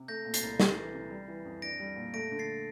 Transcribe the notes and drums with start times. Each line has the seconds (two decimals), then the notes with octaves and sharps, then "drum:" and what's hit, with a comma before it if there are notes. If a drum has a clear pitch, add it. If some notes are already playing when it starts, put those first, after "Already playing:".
Already playing: C3
0.08 A3 G6 A#6
0.25 A#2
0.34 A6 C7, drum: hi-hat
0.42 C2
0.60 A3, drum: snare
0.77 E3
0.93 C3
1.11 G3
1.28 E3
1.45 F2
1.62 D4 A#6 D7
1.80 G3
1.96 A#2
2.14 A3 A#6 D7
2.31 D3
2.39 A6 C7